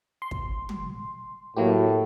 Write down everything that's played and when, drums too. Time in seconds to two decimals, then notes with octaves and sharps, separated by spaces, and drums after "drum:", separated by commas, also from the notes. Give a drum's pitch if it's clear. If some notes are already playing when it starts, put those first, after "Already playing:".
0.22 C6
0.31 drum: kick
0.69 drum: tom
1.56 A2 F#3 A#3 G4